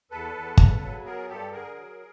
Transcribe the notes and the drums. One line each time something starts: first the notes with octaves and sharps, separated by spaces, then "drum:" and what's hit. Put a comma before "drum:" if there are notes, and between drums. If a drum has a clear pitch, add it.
E2 A4 B4
E2
C#3, drum: kick
F#3
B3 G#4 A#4
G2 G4 A4
D3 G#4 A#4
F#3